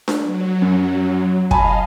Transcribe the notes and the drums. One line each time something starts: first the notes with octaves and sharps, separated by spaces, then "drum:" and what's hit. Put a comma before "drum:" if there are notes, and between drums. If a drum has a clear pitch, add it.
drum: snare D4
F#3
F#2
D#5 F5 G#5 A5 B5, drum: kick